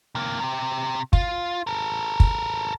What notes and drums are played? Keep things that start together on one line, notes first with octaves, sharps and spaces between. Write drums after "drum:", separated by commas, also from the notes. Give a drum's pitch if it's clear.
C3 A#3
C3 G4
F4, drum: kick
A4 A#4
drum: kick